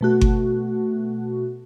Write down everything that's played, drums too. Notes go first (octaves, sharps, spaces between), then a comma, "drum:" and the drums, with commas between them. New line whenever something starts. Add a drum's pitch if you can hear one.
B2 A3 F#4
drum: kick G1